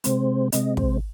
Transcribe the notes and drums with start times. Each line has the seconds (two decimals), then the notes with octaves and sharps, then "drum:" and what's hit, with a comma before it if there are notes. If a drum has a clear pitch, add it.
0.04 C3 G#3 C4 C5, drum: hi-hat
0.52 C3 G#3 C4 D#5, drum: hi-hat
0.77 C5, drum: kick